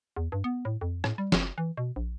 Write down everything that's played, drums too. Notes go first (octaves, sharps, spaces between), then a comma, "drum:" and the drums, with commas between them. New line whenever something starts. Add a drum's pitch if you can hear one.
E2
G2
B3
A2
F2
A2, drum: rim click
G3
F#1, drum: snare
E3
B2
A#1